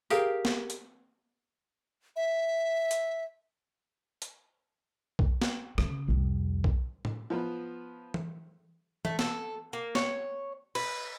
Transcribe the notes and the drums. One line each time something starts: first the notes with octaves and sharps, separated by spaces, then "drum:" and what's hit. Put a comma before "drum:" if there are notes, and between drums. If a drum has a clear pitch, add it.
G4 G#4 A#4 F5, drum: tambourine
drum: snare
drum: hi-hat
E5
drum: hi-hat
drum: hi-hat
drum: kick B1
drum: snare
C#3, drum: rim click
C2 F2
drum: kick B1
drum: tom A2
F3 B3 B4
drum: tom E3
A3, drum: tom E3
A4, drum: snare
A#3
C#5, drum: snare
B4, drum: cymbal